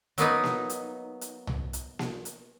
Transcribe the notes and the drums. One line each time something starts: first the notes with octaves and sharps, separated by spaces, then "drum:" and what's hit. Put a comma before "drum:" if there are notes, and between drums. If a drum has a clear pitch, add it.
F#3 A#3 B3 D#4, drum: hi-hat
drum: snare A#3
drum: hi-hat
drum: hi-hat
drum: tom C2
drum: hi-hat
drum: snare A#3
drum: hi-hat